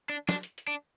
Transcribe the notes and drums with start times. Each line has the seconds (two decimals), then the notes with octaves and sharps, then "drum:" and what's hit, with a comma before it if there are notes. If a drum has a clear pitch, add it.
0.09 D4
0.29 D4, drum: snare
0.43 drum: hi-hat
0.58 drum: hi-hat
0.67 D4